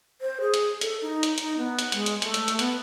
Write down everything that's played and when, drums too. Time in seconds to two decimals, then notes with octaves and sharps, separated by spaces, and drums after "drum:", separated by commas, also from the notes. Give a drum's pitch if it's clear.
0.21 C5
0.41 G#4
0.54 drum: hi-hat
0.81 A4, drum: hi-hat
1.02 D#4
1.23 drum: hi-hat
1.38 D#4, drum: hi-hat
1.58 B3
1.79 drum: hi-hat
1.92 G#3, drum: hi-hat
2.06 drum: hi-hat
2.22 A3, drum: hi-hat
2.34 drum: hi-hat
2.48 drum: hi-hat
2.59 B3, drum: hi-hat